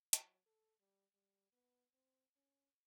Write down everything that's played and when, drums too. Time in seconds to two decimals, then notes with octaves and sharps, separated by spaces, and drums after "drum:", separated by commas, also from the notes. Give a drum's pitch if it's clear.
0.13 F#3, drum: hi-hat
0.46 A4
0.80 G3
1.14 G3
1.52 B3
1.94 C4
2.36 C#4